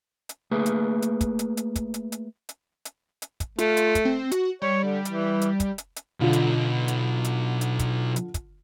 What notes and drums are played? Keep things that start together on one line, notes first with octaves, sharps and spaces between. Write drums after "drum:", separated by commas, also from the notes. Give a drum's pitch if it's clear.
drum: hi-hat
A3 A#3 G#4 B4
drum: hi-hat
drum: hi-hat
drum: kick, hi-hat
drum: hi-hat
drum: hi-hat
drum: kick, hi-hat
drum: hi-hat
drum: hi-hat
drum: hi-hat
drum: hi-hat
drum: hi-hat
drum: kick, hi-hat
A3 F4, drum: hi-hat
drum: hi-hat
drum: kick, hi-hat
C4
F#4, drum: hi-hat
G3 C#5
D3
E3, drum: hi-hat
drum: hi-hat
drum: kick, hi-hat
drum: hi-hat
drum: hi-hat
B1 D3 F4
drum: hi-hat
drum: hi-hat
drum: hi-hat
drum: hi-hat
drum: kick, hi-hat
drum: hi-hat
drum: kick, hi-hat